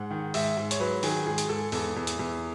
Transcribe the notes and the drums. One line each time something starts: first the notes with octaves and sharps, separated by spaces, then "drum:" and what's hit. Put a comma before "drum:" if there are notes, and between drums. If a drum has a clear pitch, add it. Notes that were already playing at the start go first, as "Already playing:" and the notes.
Already playing: G#2 F#5
D#3
G#2 E5, drum: open hi-hat
G#2
C#5, drum: hi-hat
F#3 B4
D#3 G#4, drum: open hi-hat
G#2 G#4
drum: hi-hat
G#2 A4
E2 A4, drum: open hi-hat
E2
drum: hi-hat
E2